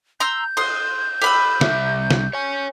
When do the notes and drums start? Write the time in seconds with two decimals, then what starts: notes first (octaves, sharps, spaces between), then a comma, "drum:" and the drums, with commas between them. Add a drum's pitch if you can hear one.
0.20 A#5 C6 E6 G6
0.57 C6 D#6, drum: cymbal
1.22 G4 B5 E6, drum: cymbal
1.61 C2 E5, drum: snare
2.10 drum: snare
2.33 C#5 G#5